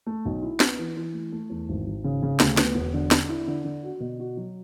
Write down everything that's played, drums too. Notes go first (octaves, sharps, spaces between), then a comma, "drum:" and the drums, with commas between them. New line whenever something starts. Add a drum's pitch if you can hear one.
A3
B1
E4
B3, drum: snare
E3
E3
A3
A3
E2
G#1
G#1
C#3
C#3
D2, drum: snare
B3, drum: snare
E1
D3
D3, drum: snare
E4
D3
D3
F#4
B2
F#4
F#3